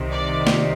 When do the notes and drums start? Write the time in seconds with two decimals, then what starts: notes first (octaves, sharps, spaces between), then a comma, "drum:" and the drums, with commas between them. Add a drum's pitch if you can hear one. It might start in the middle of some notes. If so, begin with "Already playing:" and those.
Already playing: C2 C3 D#3
0.11 D5
0.47 drum: snare